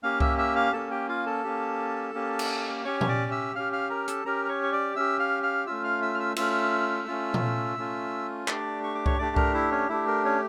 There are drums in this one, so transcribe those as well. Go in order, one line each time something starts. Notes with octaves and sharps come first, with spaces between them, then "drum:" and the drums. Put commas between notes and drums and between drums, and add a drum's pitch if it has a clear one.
A#3 C#4 G4 F5 F6
E5 E6, drum: kick C2
E5 E6
F5 F6
A#3 C#4 G4 A4 A5
G4 G5
F4 F5
A4 A5
A#3 C#4 G4
A#3 C#4 G4
drum: cymbal
C#4 G4 C#5 C#6
C#6, drum: tom A#2
D5 D6
E5 E6
C#4 G4 F5 F6
F5 F6
A#4 A#5
A4 A5, drum: hi-hat
C#4 G4 A#4 A#5
A#5
C#5 C#6
C#6
D5 D6
C#4 G4 E5 E6
F5 F6
F5 F6
A3 C#4 F4 E5 E6
F5 F6
E5 E6
F6
E5 E6
A3 C#4 F4 E5 E6, drum: cymbal
A3 C#4 F4
drum: tom A#2
A3 C#4 F4
A3 D4 G4 D5 D6, drum: clap
C#6
D6
C#5 C#6, drum: kick C2
A3 D4 G4 D5 D6
A#4 A#5, drum: kick C2
E4 E5
C#4 C#5
A3 D4 E4 G4 E5
A#4
C#4 C#5